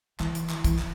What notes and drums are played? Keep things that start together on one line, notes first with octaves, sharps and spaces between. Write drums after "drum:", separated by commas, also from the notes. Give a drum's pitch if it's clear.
E3, drum: clap
drum: hi-hat
drum: clap
E3, drum: kick, hi-hat
drum: clap